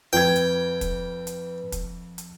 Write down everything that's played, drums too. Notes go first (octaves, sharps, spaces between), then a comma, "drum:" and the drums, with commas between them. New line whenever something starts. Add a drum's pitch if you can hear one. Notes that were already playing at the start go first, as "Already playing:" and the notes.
F2 B4 G5 G#6
drum: hi-hat
drum: kick, hi-hat
drum: hi-hat
drum: kick, hi-hat
drum: hi-hat